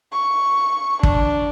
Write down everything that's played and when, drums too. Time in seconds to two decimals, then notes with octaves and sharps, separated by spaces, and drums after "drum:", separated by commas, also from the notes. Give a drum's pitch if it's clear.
0.13 C#6
1.03 D4, drum: kick